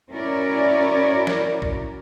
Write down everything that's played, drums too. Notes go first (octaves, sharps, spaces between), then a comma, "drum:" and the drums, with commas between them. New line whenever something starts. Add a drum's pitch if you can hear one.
C#4 E4 F#4 A#4 C#5 D5
drum: snare
drum: kick